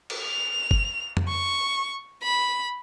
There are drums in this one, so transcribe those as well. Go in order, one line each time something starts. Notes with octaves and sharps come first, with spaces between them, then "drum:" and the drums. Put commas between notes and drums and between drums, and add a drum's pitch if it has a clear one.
drum: cymbal
F7
drum: kick G1
drum: tom
C#6
B5